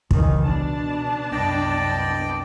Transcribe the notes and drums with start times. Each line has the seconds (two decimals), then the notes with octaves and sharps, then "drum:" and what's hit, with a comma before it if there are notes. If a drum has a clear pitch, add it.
0.11 C#2 D#3 E3, drum: kick
0.44 B2 D4 A5
1.32 C2 F#2 B3 D5 D#5 G5